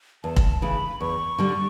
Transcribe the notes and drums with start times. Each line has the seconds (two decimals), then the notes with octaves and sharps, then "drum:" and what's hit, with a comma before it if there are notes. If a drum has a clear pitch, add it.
0.24 E2 A5
0.36 drum: kick
0.62 C#3 E3 A3 B5
1.01 E2 C#6
1.38 D3 G3 D4